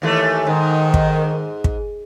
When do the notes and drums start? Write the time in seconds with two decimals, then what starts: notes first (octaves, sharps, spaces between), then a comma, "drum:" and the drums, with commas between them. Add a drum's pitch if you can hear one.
0.02 D#2 E3 A3
0.47 G#2 D#3
0.94 drum: kick
1.64 drum: kick